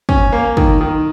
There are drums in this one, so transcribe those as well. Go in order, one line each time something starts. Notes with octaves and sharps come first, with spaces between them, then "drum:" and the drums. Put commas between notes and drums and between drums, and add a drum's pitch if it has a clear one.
C#4, drum: kick
A#3
D#3, drum: kick
D#3